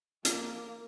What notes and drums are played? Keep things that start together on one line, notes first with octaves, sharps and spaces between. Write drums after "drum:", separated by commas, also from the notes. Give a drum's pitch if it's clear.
A#3, drum: hi-hat